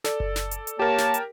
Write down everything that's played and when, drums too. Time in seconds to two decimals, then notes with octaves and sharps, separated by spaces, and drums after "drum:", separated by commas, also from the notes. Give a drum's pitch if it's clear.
0.04 A4 D5, drum: snare
0.20 drum: kick F#1
0.36 drum: snare
0.51 drum: hi-hat
0.67 drum: hi-hat
0.79 A#3 G4 A#4 C#5 A5
0.98 drum: snare
1.14 drum: hi-hat